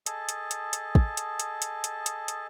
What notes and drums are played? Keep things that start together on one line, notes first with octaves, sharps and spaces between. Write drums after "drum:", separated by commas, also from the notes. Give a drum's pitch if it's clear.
G#4 A4 D#5 A5, drum: hi-hat
drum: hi-hat
drum: hi-hat
drum: hi-hat
drum: kick
drum: hi-hat
drum: hi-hat
drum: hi-hat
drum: hi-hat
drum: hi-hat
drum: hi-hat